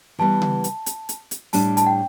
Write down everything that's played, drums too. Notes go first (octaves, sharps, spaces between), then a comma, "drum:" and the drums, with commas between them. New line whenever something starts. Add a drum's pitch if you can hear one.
E3 G3 B3 A5
drum: tom C#3
drum: hi-hat
drum: hi-hat
drum: hi-hat
drum: hi-hat
A2 G3 D4 A5, drum: open hi-hat
A5, drum: hi-hat
G5